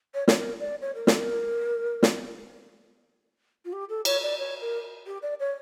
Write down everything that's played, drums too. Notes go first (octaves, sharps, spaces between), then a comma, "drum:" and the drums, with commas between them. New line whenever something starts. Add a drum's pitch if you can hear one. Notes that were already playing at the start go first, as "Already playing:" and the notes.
C#5
C#5, drum: snare
A#4
D5
C#5
A#4
A4, drum: snare
A#4
drum: snare
F4
G4
A4
C#5, drum: cymbal
D5
C#5
A#4
G4
D5
C#5